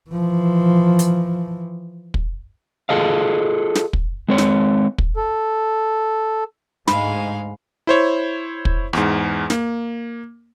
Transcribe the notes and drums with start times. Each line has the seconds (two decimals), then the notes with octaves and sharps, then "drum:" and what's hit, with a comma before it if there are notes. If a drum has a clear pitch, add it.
0.10 E3 F3
0.99 drum: hi-hat
2.14 drum: kick
2.89 F4 G#4 A4 D#5 F5
3.75 drum: snare
3.93 drum: kick
4.28 G#3 C4 C#5
4.38 drum: snare
4.98 drum: kick
5.17 A4
6.87 D2 G#2 G#3 F5 B5, drum: snare
7.87 E4 C5 C#5
8.65 drum: kick
8.93 E2 G#2, drum: rim click
9.50 A#3, drum: snare